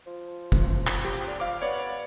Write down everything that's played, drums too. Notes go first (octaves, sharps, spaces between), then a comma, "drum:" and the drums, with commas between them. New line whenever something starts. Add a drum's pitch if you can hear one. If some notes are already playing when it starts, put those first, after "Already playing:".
F3
drum: kick
drum: clap
G4
D3
F3 F5 D6
B3 C#5 D5